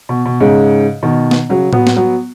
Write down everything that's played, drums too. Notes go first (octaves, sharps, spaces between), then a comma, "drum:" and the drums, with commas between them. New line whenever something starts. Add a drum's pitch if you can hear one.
B2
B2
G#2 C#3
B2 D#3
drum: snare
C#3 F#3
F#3 B3, drum: tom A2
drum: snare
F#3 B3